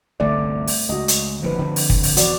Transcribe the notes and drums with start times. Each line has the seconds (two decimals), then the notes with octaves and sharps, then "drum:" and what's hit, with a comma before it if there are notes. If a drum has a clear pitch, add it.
0.20 G1 C2 D3 A3 D5
0.67 drum: open hi-hat
0.89 C#2 F#4 D#5
1.08 drum: hi-hat
1.43 G1 D#2 C3 F3 B4
1.59 D3 C4
1.76 drum: open hi-hat
1.90 drum: kick
2.03 drum: open hi-hat
2.17 E2 B2 E3 F#4 D5, drum: hi-hat